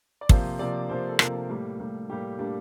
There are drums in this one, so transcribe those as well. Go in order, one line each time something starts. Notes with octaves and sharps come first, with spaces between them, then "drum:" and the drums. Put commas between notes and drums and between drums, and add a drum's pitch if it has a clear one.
D5
C3 F3 A#3 C5, drum: kick
C3 F3 A#3 D5
C3 F3 A#3 C5
A4
C3 F3 A#3 A#4, drum: rim click
A2 G3 A#3
A2 G3 A#3
A2 G3 A#3 G4
A2 G3 A#3 D4